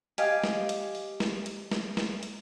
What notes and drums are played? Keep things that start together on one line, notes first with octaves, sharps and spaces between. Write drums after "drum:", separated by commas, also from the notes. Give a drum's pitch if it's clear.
G4 D#5 F5 G#5, drum: hi-hat
drum: snare
drum: hi-hat
drum: open hi-hat
drum: snare
drum: hi-hat
drum: snare
drum: snare
drum: hi-hat